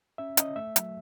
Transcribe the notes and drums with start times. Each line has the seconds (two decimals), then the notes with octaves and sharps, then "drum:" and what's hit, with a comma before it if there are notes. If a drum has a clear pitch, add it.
0.18 C#4 E5
0.37 C#4 D#5, drum: hi-hat
0.56 A3 E5
0.76 F#3, drum: hi-hat